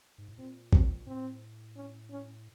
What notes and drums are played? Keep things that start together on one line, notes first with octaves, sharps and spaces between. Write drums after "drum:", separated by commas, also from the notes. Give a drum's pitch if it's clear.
G#2
A2
A#2 C4
C4, drum: kick
A2 C4
C#4
C#4